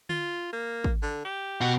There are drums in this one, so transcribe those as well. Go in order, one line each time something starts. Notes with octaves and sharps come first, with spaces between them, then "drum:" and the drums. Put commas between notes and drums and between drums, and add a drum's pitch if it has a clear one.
F4, drum: tom D3
A#3
drum: kick
D3
G4
B2 F#4